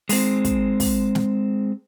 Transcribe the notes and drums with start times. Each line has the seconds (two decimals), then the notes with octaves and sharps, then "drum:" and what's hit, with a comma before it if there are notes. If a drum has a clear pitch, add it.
0.09 G#3 C4, drum: open hi-hat
0.45 drum: kick, hi-hat
0.80 drum: kick, open hi-hat
1.15 drum: snare